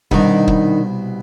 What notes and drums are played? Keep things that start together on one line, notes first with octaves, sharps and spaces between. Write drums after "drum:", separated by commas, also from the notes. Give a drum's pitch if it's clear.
C2 B2 D#3 D4 D#4, drum: kick
drum: kick